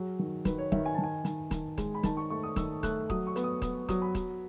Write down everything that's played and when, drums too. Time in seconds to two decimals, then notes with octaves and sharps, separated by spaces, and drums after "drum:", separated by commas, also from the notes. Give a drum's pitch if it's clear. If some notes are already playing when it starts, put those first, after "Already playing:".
Already playing: F#3 G#4
0.19 D#3
0.45 D#3 B4, drum: kick D#1, hi-hat
0.58 C#5
0.72 D#3 E5, drum: kick D#1
0.86 G#5
0.94 D#3 A5
1.04 G#5
1.25 D#3, drum: hi-hat
1.51 D#3, drum: kick D#1, hi-hat
1.78 G#3, drum: kick D#1, hi-hat
1.95 B5
2.03 D#3 A5, drum: kick D#1, hi-hat
2.17 C#6
2.30 A3 C#6
2.43 D#6
2.56 D#3 E6, drum: kick D#1, hi-hat
2.83 A3 F#6, drum: kick D#1, hi-hat
3.10 F#3 D#6, drum: kick D#1
3.27 C#6
3.36 B3, drum: hi-hat
3.44 D#6
3.62 B3 D#6, drum: kick D#1, hi-hat
3.89 F#3 D#6, drum: kick D#1, hi-hat
4.02 B5
4.15 F#3, drum: kick D#1, hi-hat